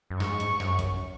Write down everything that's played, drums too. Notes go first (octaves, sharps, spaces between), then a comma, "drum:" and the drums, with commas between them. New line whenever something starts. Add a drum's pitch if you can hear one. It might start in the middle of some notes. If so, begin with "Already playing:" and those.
F#2
G#2 C#6, drum: snare
drum: hi-hat
F#2, drum: snare
drum: kick A#1, hi-hat